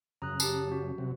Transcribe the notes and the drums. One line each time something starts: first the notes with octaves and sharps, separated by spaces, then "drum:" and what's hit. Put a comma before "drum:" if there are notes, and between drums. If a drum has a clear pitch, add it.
F#2 C#3 A#5 D#6 F#6
G4 A5, drum: tambourine
F#4
C3 F#3